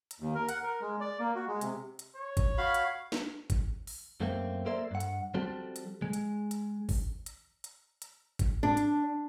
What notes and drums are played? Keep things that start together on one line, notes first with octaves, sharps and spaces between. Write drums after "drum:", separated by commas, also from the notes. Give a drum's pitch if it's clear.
drum: hi-hat
D#2
A#4
F#5, drum: hi-hat
A#4
G#3
D5
A#3
F#4
G#3
C3, drum: hi-hat
drum: hi-hat
C#5
drum: kick, hi-hat
F#4 F5 B5
drum: hi-hat
drum: snare
drum: kick, hi-hat
drum: open hi-hat
F#2 A3 A#3 C4
A#3 A4 A#4 C5 D5 E5
G2 F#5
drum: hi-hat
F3 G3 C4 F#4 A4
drum: hi-hat
G#3
drum: hi-hat
drum: hi-hat
drum: kick, open hi-hat
drum: hi-hat
drum: hi-hat
drum: hi-hat
drum: kick, hi-hat
D4
drum: hi-hat